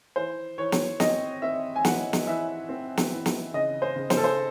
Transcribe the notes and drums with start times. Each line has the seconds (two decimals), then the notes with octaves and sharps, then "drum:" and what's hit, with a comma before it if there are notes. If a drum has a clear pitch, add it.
0.16 E3 C5
0.58 E3 C#5
0.72 drum: snare
1.00 C4 D#5, drum: snare
1.42 C4 E5
1.76 G#5
1.85 E3 F#5, drum: snare
2.13 drum: snare
2.27 E3 E5
2.69 C4
2.97 drum: snare
3.12 E3
3.26 drum: snare
3.54 C#3 D#5
3.82 C5
3.96 C#3
4.10 C5, drum: snare
4.17 A4
4.24 C5